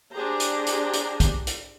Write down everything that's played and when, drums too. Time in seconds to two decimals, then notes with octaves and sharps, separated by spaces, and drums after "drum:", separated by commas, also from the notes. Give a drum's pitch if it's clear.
0.13 D4 G4 G#4 C5 A#5
0.40 drum: hi-hat
0.67 drum: hi-hat
0.93 drum: hi-hat
1.20 drum: kick, hi-hat
1.47 drum: hi-hat